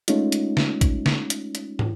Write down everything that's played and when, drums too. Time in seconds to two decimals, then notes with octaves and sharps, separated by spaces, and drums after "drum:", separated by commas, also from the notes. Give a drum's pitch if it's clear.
0.08 G#3 A3 C#4 D#4 F4, drum: hi-hat
0.32 drum: hi-hat
0.57 drum: snare
0.81 drum: kick A1, hi-hat
1.06 drum: snare
1.30 drum: hi-hat
1.55 drum: hi-hat
1.79 drum: tom